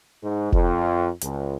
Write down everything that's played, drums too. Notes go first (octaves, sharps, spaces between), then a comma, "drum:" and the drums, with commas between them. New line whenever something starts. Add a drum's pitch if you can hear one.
G#2
F2, drum: kick F1
C#2, drum: hi-hat